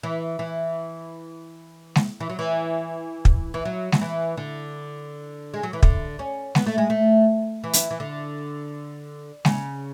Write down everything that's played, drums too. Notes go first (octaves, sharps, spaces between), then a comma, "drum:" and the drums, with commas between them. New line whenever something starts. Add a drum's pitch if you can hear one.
E3
E3
drum: snare G#3
E3
F#3
E3
drum: kick
E3
F#3
F#3, drum: snare G#3
E3
D3
G#3
F#3
E3
D3, drum: kick
C#4
B3, drum: snare G#3
A3
G#3
A3
E3
drum: hi-hat
E3
D3
C#3, drum: snare G#3